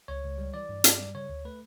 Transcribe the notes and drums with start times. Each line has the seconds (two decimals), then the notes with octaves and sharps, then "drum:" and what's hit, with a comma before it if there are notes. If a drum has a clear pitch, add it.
0.08 C#2 C#5
0.24 C#2
0.38 G3
0.54 E3 D5
0.69 G2
0.84 G2, drum: hi-hat
1.00 G3
1.14 C#3 C#5
1.29 D2
1.45 A3 B4